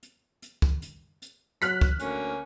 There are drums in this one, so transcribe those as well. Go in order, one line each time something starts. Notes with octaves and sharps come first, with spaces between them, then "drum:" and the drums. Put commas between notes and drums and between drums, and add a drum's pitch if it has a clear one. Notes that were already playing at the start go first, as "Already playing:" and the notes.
drum: hi-hat
drum: hi-hat
drum: kick
drum: hi-hat
drum: hi-hat
F#3 F6 F#6 B6, drum: hi-hat
drum: kick
D2 A#3 C#4, drum: hi-hat